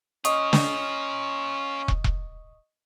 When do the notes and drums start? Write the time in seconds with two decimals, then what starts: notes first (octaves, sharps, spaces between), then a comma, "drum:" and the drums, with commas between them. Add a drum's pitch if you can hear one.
0.25 C#4 F4 A#4 D#5 C#6 D#6, drum: hi-hat
0.53 drum: snare
1.88 drum: kick
2.04 drum: kick